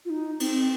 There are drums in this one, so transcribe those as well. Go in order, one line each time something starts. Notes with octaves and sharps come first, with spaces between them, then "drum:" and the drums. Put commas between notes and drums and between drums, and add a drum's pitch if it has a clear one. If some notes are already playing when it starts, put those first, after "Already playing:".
F4
D#4
C4, drum: cymbal